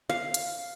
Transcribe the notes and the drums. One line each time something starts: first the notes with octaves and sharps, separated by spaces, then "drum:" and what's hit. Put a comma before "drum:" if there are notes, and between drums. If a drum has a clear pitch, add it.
F5
drum: hi-hat